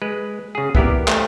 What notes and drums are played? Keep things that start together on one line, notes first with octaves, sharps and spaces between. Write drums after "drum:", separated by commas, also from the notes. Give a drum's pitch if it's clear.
G#3 B4
C#3 G#4
E3 B3 E4 G4 A#4 D5, drum: kick
A3, drum: clap